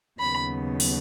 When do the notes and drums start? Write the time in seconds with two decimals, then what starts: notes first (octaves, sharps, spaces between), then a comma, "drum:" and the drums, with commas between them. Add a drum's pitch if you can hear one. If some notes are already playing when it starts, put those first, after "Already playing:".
0.19 D#2 C#3 F#3 B3 B5
0.80 drum: open hi-hat